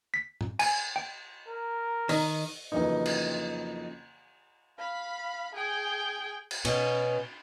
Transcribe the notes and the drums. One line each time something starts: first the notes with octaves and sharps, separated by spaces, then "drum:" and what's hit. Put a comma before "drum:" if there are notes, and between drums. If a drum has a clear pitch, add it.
B6
drum: tom
G#5, drum: cymbal
G5
A#4
D#3, drum: open hi-hat
F2 C#3 E3 F#3 A#3 D#4
drum: cymbal
F5 B5
G#4 G5
drum: cymbal
B2 C#4, drum: cymbal